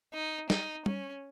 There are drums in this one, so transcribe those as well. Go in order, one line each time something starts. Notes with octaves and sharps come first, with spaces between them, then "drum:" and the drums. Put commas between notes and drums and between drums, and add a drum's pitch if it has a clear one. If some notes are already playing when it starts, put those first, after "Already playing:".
D#4
D#4, drum: snare
C#4, drum: tom G3